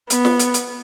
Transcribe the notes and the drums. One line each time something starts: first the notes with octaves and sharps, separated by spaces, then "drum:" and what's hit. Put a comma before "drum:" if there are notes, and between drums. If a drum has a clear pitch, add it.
B3, drum: hi-hat
drum: snare
drum: hi-hat
drum: hi-hat